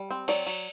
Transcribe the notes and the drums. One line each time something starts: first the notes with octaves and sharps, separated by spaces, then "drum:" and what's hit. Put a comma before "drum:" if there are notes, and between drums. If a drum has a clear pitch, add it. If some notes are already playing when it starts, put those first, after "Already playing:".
Already playing: G3
C4
F#3 D5, drum: cymbal
F#3, drum: cymbal